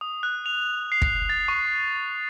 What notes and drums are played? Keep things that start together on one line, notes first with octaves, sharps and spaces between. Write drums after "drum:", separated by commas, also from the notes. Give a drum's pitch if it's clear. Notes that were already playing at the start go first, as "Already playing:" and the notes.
D#6
F#6
F7
C7
drum: kick
A6
C#6